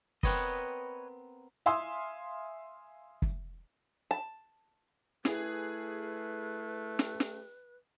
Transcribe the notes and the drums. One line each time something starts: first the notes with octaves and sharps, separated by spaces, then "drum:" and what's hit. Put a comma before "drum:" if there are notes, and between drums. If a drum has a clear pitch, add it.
B3 C4 A#4 B4 C#5 D#5, drum: kick
E5 F5 G#5 C6 D#6 E6
drum: kick
A5
A3 E4 G#4 B4, drum: snare
drum: snare
drum: snare